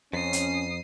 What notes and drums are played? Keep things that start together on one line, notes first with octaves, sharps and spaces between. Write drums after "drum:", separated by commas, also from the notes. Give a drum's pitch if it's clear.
F2 C#4 D#6 C7
drum: hi-hat